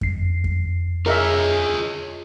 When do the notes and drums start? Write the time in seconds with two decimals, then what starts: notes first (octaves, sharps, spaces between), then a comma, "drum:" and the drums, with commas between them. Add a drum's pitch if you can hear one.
0.01 F2 C7, drum: kick F#2
0.44 drum: kick F#2
1.06 F4 G#4 A#4 C#5 D#5 E5